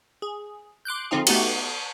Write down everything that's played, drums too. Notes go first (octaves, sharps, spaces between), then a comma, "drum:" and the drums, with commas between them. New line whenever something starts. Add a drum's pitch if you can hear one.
G#4
C6 D6 F#6 G6
D3 F3 C4 D#4 F4 G#4
A3 B3 D#4 F#4 G4, drum: cymbal